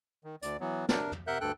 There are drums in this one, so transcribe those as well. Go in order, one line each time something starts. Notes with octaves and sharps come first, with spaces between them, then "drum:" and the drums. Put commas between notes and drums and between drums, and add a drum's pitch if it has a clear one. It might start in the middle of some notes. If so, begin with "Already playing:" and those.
D#3
D2 D5, drum: hi-hat
E3 F#3 B3
C3 D4 A#4, drum: snare
drum: tom
C3 A#4 E5 F#5 F#6 G6
D2 G2 A4 G5 F#6